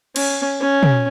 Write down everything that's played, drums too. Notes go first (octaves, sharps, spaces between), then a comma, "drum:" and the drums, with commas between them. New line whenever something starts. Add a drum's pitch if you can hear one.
C#4, drum: cymbal
C#4
drum: tom